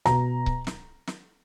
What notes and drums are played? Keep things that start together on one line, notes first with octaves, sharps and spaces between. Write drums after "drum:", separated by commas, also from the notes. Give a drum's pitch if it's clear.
B2 A#5, drum: snare
drum: kick C#1
drum: snare
drum: snare